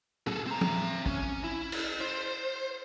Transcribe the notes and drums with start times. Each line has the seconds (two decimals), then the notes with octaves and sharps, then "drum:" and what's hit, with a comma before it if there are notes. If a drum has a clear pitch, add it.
0.27 G#4 A4, drum: tom
0.47 C4 A#5
0.61 drum: tom
1.06 C#4, drum: kick
1.44 E4
1.72 drum: cymbal
2.01 C5